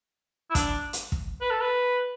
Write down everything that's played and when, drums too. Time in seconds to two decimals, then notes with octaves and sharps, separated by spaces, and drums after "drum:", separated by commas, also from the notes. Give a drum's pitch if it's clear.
0.50 E4
0.55 D4, drum: kick, hi-hat
0.93 drum: hi-hat
1.12 drum: kick
1.41 B4
1.50 A4
1.61 B4